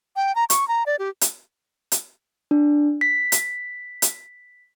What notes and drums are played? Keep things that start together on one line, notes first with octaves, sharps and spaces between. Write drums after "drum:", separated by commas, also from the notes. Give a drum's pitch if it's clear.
G5
A#5
C#6, drum: hi-hat
A#5
D5
G4
drum: hi-hat
drum: hi-hat
D4
B6
drum: hi-hat
drum: hi-hat